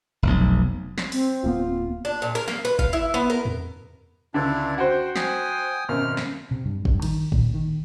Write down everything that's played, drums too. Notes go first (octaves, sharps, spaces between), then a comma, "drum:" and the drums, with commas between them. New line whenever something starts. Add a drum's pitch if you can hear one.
F1 B1
drum: snare
C4, drum: open hi-hat
D1 A#3 B3 F4
D4
A#2
A#4
A#3, drum: snare
B4
F5, drum: kick
E4
B3
A#4
drum: tom E2
C#2 D3 D4 E4 D5
F#4 C5 G5
G5 G#5 D#6, drum: snare
G#1 F#2 B2 F6
drum: snare
C3
G2
G2, drum: kick
D#3, drum: cymbal
A#2, drum: kick
D#3